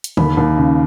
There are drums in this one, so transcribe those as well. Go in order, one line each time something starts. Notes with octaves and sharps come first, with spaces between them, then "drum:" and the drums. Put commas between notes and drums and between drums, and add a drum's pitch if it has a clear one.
drum: hi-hat
D#2 B5, drum: tom C#3
D#2
C#3